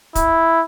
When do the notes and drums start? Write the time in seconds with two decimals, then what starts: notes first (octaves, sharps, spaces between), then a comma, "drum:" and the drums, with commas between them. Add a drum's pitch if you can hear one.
0.15 E4, drum: kick, hi-hat